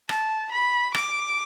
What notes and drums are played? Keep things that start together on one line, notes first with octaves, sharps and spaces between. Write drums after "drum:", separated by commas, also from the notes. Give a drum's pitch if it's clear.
A5, drum: rim click
B5
D6, drum: rim click